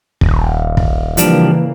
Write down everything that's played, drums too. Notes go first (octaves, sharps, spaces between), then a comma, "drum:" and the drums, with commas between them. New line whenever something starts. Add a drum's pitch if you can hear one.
D#1, drum: kick
drum: kick
C#3 E3 F3 G3 A#3 D4, drum: hi-hat